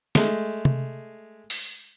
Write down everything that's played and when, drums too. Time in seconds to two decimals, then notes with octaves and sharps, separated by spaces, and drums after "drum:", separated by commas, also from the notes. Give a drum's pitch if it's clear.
0.15 G#3 A3, drum: snare
0.65 drum: tom C3
1.50 drum: open hi-hat